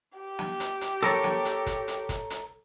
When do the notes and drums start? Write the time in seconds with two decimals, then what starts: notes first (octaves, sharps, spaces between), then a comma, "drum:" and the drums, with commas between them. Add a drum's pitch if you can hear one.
0.18 G4
0.39 drum: snare
0.60 drum: hi-hat
0.81 drum: hi-hat
1.03 A4 A#4 C#5, drum: snare
1.24 drum: snare
1.45 drum: hi-hat
1.66 drum: kick, hi-hat
1.88 drum: hi-hat
2.09 drum: kick, hi-hat
2.30 drum: hi-hat